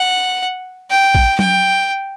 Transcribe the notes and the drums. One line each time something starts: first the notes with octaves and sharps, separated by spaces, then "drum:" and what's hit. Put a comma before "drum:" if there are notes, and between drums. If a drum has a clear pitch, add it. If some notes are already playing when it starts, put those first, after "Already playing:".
Already playing: F#5
G5
drum: kick A#1
G5, drum: tom F#3